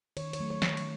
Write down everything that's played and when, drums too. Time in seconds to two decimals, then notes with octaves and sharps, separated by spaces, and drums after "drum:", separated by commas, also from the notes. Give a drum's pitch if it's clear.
0.17 D#3 C#5, drum: cymbal
0.33 C#5, drum: cymbal
0.39 F#3 A3
0.50 C#5
0.62 D#3, drum: snare
0.67 C#5
0.77 drum: cymbal